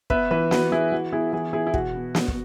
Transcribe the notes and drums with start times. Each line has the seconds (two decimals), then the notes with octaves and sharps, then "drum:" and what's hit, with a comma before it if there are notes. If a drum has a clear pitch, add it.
0.10 B3 B4 E5, drum: kick
0.31 E3 B4 E5
0.51 B3 F#4 B4, drum: snare
0.72 E3 E4 G#4
0.92 E3 F#4
1.12 B3 E4 G#4
1.33 E3 E4 G#4
1.53 B3 E4 G#4
1.67 E4
1.74 B2 F#4, drum: kick
1.94 B3
2.15 B3, drum: snare
2.28 drum: kick